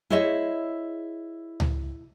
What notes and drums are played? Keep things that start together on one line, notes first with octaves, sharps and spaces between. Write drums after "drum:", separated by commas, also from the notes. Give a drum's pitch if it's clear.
E4 G#4 C5 C#5 D#5 E5
drum: tom C#2